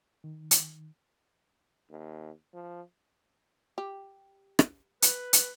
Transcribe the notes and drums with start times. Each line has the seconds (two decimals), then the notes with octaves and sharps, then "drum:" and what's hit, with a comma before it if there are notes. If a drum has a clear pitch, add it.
0.24 D#3
0.51 drum: hi-hat
1.90 D#2
2.54 F3
3.78 G4
4.59 drum: rim click
5.02 B4, drum: hi-hat
5.33 drum: hi-hat